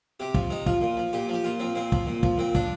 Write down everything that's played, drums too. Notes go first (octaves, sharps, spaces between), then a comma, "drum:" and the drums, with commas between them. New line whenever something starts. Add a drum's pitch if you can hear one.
C3 G4
F3, drum: kick
C3 D#4
F3 F4, drum: kick
A#2
F3
A#2 G4
F3 G4
A#2 F4
F3 C4
A#2 C4
F3, drum: kick
A#2
F3, drum: kick
A#2 C4
F3 D4, drum: kick